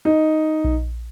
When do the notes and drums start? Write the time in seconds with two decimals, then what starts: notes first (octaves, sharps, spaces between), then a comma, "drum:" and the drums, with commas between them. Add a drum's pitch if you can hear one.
0.05 D#4
0.64 drum: kick A#1